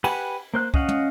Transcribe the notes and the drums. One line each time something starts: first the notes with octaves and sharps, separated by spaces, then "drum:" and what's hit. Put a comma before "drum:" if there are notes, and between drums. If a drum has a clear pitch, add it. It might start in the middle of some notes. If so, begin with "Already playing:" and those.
G4 B4 F#5 G#5 B5, drum: cymbal
A#3 C5 F#6
C#4 D#5 F5 F#5, drum: kick
drum: tom